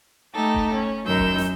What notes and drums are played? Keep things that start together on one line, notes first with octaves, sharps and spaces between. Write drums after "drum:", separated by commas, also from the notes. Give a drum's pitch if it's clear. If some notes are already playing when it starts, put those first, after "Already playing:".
A3 D#4 G4 A4
drum: kick E1
C#4
F#2 D#3 A#4 E6 G6
drum: kick E1
drum: snare